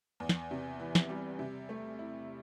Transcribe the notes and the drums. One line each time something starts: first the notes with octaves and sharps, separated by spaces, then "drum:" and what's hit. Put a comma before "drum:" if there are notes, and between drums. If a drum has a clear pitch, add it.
E2
drum: snare
C3
E3
drum: snare
G3
C3
A3
E4